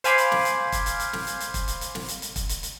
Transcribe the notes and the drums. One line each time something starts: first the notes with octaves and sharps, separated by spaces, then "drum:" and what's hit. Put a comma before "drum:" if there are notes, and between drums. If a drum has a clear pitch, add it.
C5 F5 G#5 B5 D6, drum: hi-hat
drum: hi-hat
drum: snare
drum: hi-hat
drum: kick, hi-hat
drum: hi-hat
drum: hi-hat
drum: snare
drum: hi-hat
drum: hi-hat
drum: kick, hi-hat
drum: hi-hat
drum: hi-hat
drum: snare
drum: hi-hat
drum: hi-hat
drum: kick, hi-hat
drum: hi-hat
drum: hi-hat